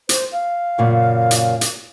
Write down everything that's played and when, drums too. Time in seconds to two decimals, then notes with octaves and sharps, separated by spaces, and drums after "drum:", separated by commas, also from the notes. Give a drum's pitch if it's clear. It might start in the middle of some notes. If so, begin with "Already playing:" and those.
0.09 C5, drum: hi-hat
0.32 F5
0.78 F#2 A#2 C#3
1.31 drum: hi-hat
1.61 drum: hi-hat